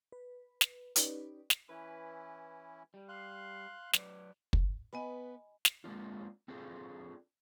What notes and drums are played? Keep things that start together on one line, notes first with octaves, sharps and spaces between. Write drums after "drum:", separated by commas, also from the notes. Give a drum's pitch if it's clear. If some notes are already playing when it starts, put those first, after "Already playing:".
B4
drum: snare
C#4 D#4 G4 B4 D5, drum: hi-hat
drum: snare
E3 C#4 E4 B4
G3
F5 C6 F#6
F#3 B4 D5, drum: snare
drum: kick
B3 B4 D#5 G#5 B5
drum: snare
G#3 A#3 C4 D4 F4
C4 D4 F4 G#4 A4 C5